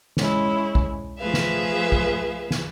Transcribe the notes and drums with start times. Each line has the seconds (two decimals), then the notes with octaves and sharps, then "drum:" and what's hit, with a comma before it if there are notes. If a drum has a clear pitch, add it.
0.17 G#3 C#4 E4, drum: snare
0.75 drum: kick
1.18 F3 A3 G#4 B4 E5 F5
1.34 drum: snare
1.92 drum: kick
2.51 drum: snare